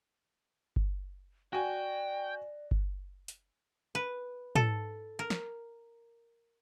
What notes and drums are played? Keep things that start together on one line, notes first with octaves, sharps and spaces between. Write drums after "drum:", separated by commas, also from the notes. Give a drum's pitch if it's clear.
drum: kick G1
F#4 D5 G5 G#5
drum: kick G1
drum: hi-hat
B4
A4, drum: tom
A#4
drum: snare